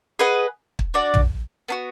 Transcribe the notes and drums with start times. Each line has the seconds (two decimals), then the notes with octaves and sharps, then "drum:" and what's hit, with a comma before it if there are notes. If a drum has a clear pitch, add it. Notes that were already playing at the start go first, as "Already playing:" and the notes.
0.19 G#4 B4 D#5 F#5
0.79 drum: kick
0.94 D4 F#4 D5
1.14 drum: tom
1.68 B3 D4 F#4